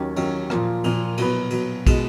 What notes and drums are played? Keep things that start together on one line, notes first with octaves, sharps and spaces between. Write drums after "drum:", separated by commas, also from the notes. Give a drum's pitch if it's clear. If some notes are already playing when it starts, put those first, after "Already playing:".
Already playing: D#2 D#3 F#3 C#4
D#2 D#3 F#3 C#4, drum: cymbal
A#2 F3 A#3, drum: rim click
A#2 F3 A#3, drum: cymbal
B2 F#3 B3, drum: cymbal
B2 F#3 B3, drum: cymbal
B2 G#3, drum: kick, cymbal